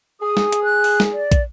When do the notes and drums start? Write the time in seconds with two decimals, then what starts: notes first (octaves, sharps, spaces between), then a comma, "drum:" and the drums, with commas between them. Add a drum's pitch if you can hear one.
0.21 G#4 D#6
0.37 drum: snare
0.52 drum: hi-hat
0.64 F#6
0.84 drum: open hi-hat
1.00 drum: snare
1.12 D5
1.32 drum: kick, hi-hat